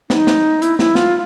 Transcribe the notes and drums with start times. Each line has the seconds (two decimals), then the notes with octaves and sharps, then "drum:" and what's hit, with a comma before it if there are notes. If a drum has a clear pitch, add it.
0.10 D#4, drum: snare
0.27 drum: snare
0.62 E4, drum: hi-hat
0.79 E4, drum: snare
0.95 F4, drum: snare